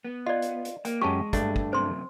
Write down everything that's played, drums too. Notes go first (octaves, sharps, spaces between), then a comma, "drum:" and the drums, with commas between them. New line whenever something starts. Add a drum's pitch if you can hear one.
B3
F4 D5 D#5
drum: hi-hat
drum: hi-hat
A#3 G5, drum: hi-hat
F#2 G#3 C#4 G4 A5 C#6
G2 A3 D4, drum: kick, hi-hat
drum: kick
F#2 C3 C5 C6